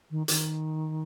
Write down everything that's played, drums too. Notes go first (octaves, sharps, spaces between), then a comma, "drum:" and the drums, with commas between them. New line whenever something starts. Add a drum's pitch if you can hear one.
D#3
D#3, drum: hi-hat